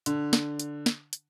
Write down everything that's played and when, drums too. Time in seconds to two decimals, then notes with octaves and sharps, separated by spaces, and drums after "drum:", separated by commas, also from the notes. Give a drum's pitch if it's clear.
0.06 D3, drum: hi-hat
0.33 drum: snare
0.59 drum: hi-hat
0.86 drum: snare
1.13 drum: hi-hat